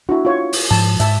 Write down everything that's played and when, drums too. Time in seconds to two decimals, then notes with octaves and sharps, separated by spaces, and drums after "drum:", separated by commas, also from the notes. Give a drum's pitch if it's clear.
0.09 D4 E4 F#4
0.25 F4 C#5
0.53 drum: open hi-hat
0.71 G#2 F3 A5
1.00 G#2 E5 A5, drum: hi-hat